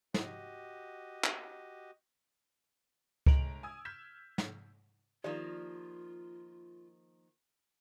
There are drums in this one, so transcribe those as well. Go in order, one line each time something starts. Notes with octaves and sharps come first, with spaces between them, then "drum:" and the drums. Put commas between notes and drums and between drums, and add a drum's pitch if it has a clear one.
F#4 G4 D#5, drum: snare
drum: clap
G1 G#3 A#5 D7 F7 F#7, drum: kick C#2
G#5 D#6 E6 G#6
F6 G6 G#6 B6 E7
drum: snare
D#3 F3 A#3 F4 G4 D5